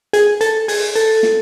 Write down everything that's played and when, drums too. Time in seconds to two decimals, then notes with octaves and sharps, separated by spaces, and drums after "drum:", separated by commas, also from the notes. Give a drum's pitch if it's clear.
0.13 G#4, drum: hi-hat
0.41 A4, drum: hi-hat
0.68 G#4, drum: open hi-hat
0.96 A4, drum: hi-hat
1.23 drum: snare